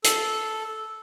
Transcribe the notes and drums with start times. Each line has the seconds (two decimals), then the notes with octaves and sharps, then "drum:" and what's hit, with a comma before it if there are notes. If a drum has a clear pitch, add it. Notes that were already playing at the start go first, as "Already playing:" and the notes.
0.04 A4, drum: hi-hat